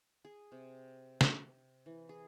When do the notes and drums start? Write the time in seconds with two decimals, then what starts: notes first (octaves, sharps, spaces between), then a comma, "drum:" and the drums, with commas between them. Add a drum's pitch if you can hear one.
0.25 G#4
0.52 C3
1.21 drum: snare
1.86 E3
2.09 G#4